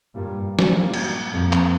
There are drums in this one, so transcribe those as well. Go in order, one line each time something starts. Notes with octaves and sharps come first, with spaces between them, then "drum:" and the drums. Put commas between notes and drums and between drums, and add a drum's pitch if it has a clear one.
G2 A#2 G3 A#3 F4
drum: snare
A#2 G3 A#3 F4
drum: cymbal
F2 A#2 A#3 F4
drum: clap